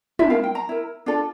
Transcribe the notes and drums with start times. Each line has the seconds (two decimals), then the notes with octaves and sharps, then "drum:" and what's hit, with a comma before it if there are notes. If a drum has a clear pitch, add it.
0.19 E5, drum: tom
0.30 E4 A#4 F5
0.44 G5
0.55 A#5
0.69 E4 A#4
1.06 D4 F4 A4